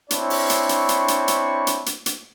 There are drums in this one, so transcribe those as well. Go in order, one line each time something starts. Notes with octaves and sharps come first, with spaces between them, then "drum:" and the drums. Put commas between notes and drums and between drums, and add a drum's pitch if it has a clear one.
C4 D4 E4 C#5 B5 C#6, drum: hi-hat
drum: open hi-hat
drum: hi-hat
drum: hi-hat
drum: hi-hat
drum: hi-hat
drum: hi-hat
drum: hi-hat
drum: hi-hat
drum: hi-hat